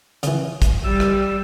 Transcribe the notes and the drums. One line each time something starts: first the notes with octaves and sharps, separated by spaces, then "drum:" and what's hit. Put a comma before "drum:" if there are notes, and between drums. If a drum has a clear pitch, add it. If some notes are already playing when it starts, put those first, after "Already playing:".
C#3 E3, drum: hi-hat
drum: kick, hi-hat
G3 E6
drum: rim click